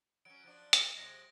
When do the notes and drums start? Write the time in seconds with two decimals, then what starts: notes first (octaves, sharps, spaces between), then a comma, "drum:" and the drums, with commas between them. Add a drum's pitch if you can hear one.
0.25 F#3 C#4 D7
0.44 F3 F#3 D4
0.73 drum: hi-hat
0.96 C3 F#3 G#3 A#6